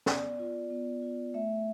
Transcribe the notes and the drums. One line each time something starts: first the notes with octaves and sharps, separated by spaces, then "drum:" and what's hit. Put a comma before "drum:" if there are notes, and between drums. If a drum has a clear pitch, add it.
B3 D5, drum: snare
F4
B3
F4
A3 E5